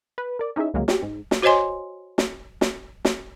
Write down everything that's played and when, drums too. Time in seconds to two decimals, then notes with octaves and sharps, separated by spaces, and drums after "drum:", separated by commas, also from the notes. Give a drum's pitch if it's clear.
0.18 B4
0.39 A#4 D5
0.56 C#4 D#4 E4 G#4 E5
0.74 C#2 D3 F#3 G#3 A#3
0.88 C#4 F#4 G4, drum: snare
1.02 G#2
1.31 drum: snare
1.42 F#4 C5 C#5 D#5 G#5 C6
2.18 drum: snare
2.61 drum: snare
3.05 drum: snare